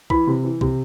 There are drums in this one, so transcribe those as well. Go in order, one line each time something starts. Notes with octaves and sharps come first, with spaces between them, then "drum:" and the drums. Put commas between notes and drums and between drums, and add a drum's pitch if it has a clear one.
E3 B5, drum: kick
C3
E3
C3, drum: kick